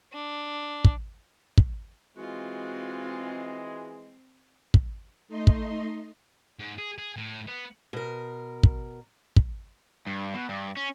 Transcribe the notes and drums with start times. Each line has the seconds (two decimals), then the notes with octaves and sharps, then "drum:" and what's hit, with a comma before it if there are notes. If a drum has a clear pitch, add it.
0.13 D4
0.85 drum: kick
1.58 drum: kick
2.17 E3 G#3 C4 F4 F#4
4.74 drum: kick
5.28 A3 D#4 D#5 C6
5.47 drum: kick
6.59 G#2
6.78 G#4
6.98 G#4
7.16 A2
7.47 B3
7.93 B2 A#4
8.63 drum: kick
9.36 drum: kick
10.07 G2
10.34 B2
10.49 G2
10.77 C#4